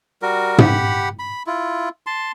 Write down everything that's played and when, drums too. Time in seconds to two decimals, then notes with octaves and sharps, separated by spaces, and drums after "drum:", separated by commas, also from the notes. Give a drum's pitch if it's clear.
0.22 G3 F#4 A#4
0.58 G4 F#5 B5, drum: tom
1.19 B5
1.47 E4 F4
2.07 A5 C6